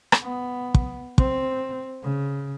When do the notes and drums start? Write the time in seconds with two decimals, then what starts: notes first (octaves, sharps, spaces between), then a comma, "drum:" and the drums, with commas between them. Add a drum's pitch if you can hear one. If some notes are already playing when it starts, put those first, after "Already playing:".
0.12 drum: rim click
0.22 B3
0.74 drum: kick
1.18 C4, drum: kick
2.03 C#3